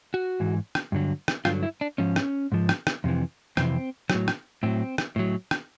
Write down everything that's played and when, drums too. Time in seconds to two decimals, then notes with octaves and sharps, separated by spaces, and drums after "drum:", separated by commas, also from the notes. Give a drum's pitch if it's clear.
0.14 F#4
0.40 G#2 E3
0.75 drum: rim click
0.92 G2 D3 F#3
1.28 drum: rim click
1.45 G2 D3 F#3 F4, drum: rim click
1.63 E4
1.81 D4
1.98 G#2 F3 C#4
2.16 drum: rim click
2.52 G#2 F3
2.69 drum: rim click
2.87 drum: rim click
3.04 F2 C3 E3
3.57 F2 C3 E3 C4, drum: rim click
4.10 A2 F#3, drum: rim click
4.28 drum: rim click
4.63 A2 F#3 C4
4.98 drum: rim click
5.16 A2 F#3
5.51 drum: rim click